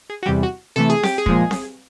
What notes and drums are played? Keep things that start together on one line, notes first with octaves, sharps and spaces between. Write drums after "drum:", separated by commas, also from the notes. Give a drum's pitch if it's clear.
G#4
F#4
E2 C3 E3 G3 G4
F#4
C3 E3 A3 A4
G#4
G4, drum: snare C4
G#4
A#2 F3 G#3, drum: kick
drum: snare C4